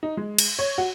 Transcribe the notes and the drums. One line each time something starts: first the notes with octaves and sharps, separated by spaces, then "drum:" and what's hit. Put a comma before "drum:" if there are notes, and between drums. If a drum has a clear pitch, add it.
D#4
G#3
drum: cymbal
C#5
F#4